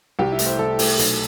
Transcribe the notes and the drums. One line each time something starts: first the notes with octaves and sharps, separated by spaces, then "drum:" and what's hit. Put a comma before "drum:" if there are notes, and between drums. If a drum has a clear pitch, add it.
C2 G4
E4
A3, drum: hi-hat
C5
C2 A4
A3, drum: open hi-hat
B1, drum: hi-hat